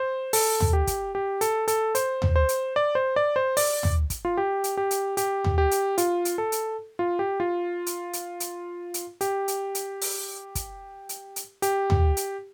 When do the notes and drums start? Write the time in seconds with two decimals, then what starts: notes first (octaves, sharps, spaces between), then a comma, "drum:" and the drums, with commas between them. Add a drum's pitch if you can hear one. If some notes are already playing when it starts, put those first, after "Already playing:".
Already playing: C5
0.33 A4, drum: open hi-hat
0.60 drum: tom
0.73 G4
0.87 drum: kick, hi-hat
1.15 G4
1.41 A4, drum: hi-hat
1.68 A4, drum: hi-hat
1.95 C5, drum: hi-hat
2.22 drum: tom
2.36 C5
2.49 drum: hi-hat
2.76 D5
2.95 C5
3.16 D5
3.36 C5
3.57 D5, drum: open hi-hat
3.83 drum: tom
4.10 drum: kick, hi-hat
4.25 F4
4.37 G4
4.64 drum: hi-hat
4.77 G4
4.91 drum: hi-hat
5.17 G4, drum: hi-hat
5.44 drum: tom
5.58 G4
5.71 drum: hi-hat
5.98 F4, drum: hi-hat
6.25 drum: hi-hat
6.38 A4
6.52 drum: hi-hat
6.99 F4
7.19 G4
7.40 F4
7.86 drum: hi-hat
8.13 drum: hi-hat
8.40 drum: hi-hat
8.94 drum: hi-hat
9.21 G4, drum: hi-hat
9.48 drum: hi-hat
9.75 drum: hi-hat
10.02 drum: open hi-hat
10.55 drum: kick, hi-hat
11.09 drum: hi-hat
11.36 drum: hi-hat
11.62 G4, drum: hi-hat
11.90 drum: tom
12.17 drum: hi-hat